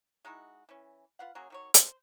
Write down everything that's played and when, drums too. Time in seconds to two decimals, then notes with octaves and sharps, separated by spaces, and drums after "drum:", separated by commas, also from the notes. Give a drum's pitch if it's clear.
0.25 G#3 D#4 E4 F#4
0.69 E3 C#4
1.19 F4 B4 F5 F#5
1.35 F#3 A#3 C#4 G#4
1.50 D#3 F#3 C#5
1.74 C5, drum: hi-hat